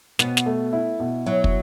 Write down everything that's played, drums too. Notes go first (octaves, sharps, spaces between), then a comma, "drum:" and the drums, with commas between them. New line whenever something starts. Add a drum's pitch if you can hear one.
B2 B3, drum: snare
drum: snare
A3
E4
B2
F#3 E4
drum: kick